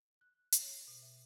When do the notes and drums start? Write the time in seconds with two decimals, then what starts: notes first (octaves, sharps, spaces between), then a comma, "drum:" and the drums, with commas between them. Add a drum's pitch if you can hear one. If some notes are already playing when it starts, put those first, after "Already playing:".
0.21 F#6
0.52 drum: hi-hat
0.62 C#5
0.88 B2
1.02 E5